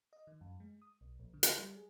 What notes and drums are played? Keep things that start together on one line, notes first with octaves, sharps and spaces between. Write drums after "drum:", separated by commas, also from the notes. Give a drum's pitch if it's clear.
D#5
D#3
F#2
G#3
D#6
B1
A#1
D3
drum: hi-hat
G3
G#4